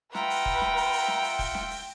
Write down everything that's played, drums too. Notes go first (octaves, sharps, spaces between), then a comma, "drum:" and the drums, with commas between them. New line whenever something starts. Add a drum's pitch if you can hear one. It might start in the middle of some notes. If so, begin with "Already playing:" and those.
F4 B4 E5 F#5 G5 A#5, drum: snare
drum: open hi-hat
drum: kick E1
drum: snare
drum: open hi-hat
drum: open hi-hat
drum: snare
drum: open hi-hat
drum: kick E1, open hi-hat
drum: snare
drum: open hi-hat